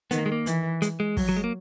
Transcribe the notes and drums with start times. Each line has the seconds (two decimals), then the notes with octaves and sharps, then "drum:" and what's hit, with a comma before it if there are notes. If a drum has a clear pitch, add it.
0.11 D#3 B3, drum: hi-hat
0.18 A#3
0.26 G#3
0.32 A#3
0.46 E3, drum: hi-hat
0.82 G#3, drum: hi-hat
1.00 G#3
1.17 F#3, drum: kick, open hi-hat
1.29 F#3
1.36 G#3
1.44 A#3